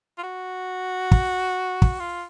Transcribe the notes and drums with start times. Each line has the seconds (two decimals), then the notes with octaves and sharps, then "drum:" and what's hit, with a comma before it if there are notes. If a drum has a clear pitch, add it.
0.18 F4
0.23 F#4
1.11 drum: kick
1.82 drum: kick
2.00 F4